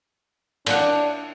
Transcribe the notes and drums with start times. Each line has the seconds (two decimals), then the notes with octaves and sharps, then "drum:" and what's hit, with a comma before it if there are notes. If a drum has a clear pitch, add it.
0.66 A#2 D4 F#5, drum: cymbal